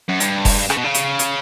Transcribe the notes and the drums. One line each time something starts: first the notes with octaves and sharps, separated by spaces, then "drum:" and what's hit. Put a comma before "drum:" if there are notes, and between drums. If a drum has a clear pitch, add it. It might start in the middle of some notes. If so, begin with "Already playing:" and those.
F#2
G2, drum: hi-hat
drum: kick F1, open hi-hat
C#3, drum: rim click
B2
C#3
drum: hi-hat
drum: hi-hat